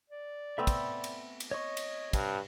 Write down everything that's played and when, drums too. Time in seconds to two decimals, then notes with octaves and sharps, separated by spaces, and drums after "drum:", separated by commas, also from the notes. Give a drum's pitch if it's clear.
0.10 D5
0.58 A3 B3 C4 E5 B5 E6
0.67 drum: kick, cymbal
1.04 drum: cymbal
1.40 drum: cymbal
1.51 C#5 D#5 C#6
1.77 drum: cymbal
2.13 G2, drum: kick, cymbal